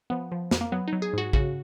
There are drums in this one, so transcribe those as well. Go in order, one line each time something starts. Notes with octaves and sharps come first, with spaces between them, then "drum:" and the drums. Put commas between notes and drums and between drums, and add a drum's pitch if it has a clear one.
F3 B3
F3
F2, drum: snare
A#3
F#3 B3
D#4
F#3
G#4
G#2 F#4
C#3 F#4, drum: kick